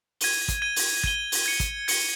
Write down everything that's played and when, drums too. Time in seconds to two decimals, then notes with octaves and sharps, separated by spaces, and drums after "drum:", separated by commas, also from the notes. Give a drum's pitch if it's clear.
0.21 G#6 D#7 G7, drum: open hi-hat
0.48 drum: kick, hi-hat
0.62 G#6 D#7 G7
0.76 drum: open hi-hat
1.04 G#6 D#7 G7, drum: kick
1.32 drum: open hi-hat
1.46 G#6 C#7 G7
1.60 drum: kick, hi-hat
1.88 G#6 C#7 G7, drum: open hi-hat